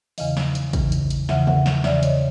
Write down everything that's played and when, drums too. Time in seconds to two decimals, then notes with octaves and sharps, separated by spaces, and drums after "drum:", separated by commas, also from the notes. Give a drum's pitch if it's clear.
0.18 E2 C#3 E3 D#5 F5, drum: open hi-hat
0.37 drum: snare
0.55 drum: hi-hat
0.73 E2 C#3 E3, drum: kick, hi-hat
0.92 drum: hi-hat
1.10 drum: hi-hat
1.29 E2 C#3 E3 E5 F#5, drum: snare
1.47 E5 F#5, drum: tom C#3
1.66 drum: snare
1.84 E2 C#3 E3 D5 E5, drum: snare
2.03 C#5 D#5, drum: hi-hat